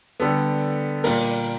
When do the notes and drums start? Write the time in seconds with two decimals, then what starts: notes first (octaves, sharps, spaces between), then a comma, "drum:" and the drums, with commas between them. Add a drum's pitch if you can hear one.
0.20 D3 G3 B3 A4
1.04 A#2 G3 A#3 A#4, drum: open hi-hat